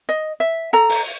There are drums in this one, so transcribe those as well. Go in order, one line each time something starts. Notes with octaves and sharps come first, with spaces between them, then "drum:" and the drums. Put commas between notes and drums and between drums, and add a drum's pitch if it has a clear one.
D#5
E5
A4 A#5
drum: open hi-hat